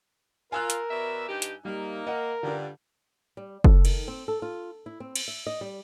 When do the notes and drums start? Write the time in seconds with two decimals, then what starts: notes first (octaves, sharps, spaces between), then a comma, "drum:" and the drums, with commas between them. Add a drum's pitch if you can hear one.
0.52 F4 A#4 G#5 E6 F#6
0.70 drum: hi-hat
0.91 B2 D5 E5
1.29 G2 D#4 G4
1.42 drum: hi-hat
1.65 G3 A#3 D#4
2.07 A#4 D#5 F#5
2.43 G2 D3 G3 D4 F4
3.37 G3
3.64 A4, drum: kick F#1
3.85 D#3, drum: cymbal
4.08 C4
4.28 A4
4.42 F4
4.86 E4
5.00 C4
5.15 drum: cymbal
5.28 E5
5.47 D#5
5.61 G3